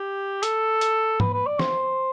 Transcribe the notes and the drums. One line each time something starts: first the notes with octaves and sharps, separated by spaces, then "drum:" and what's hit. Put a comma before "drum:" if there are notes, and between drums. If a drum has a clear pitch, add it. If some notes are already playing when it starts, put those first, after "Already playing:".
Already playing: G4
A4, drum: hi-hat
drum: hi-hat
B4, drum: tom G#2
B4
D5
C5, drum: snare